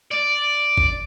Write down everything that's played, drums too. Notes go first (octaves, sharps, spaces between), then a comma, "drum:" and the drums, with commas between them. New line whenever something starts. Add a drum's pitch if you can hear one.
D5
drum: kick G#1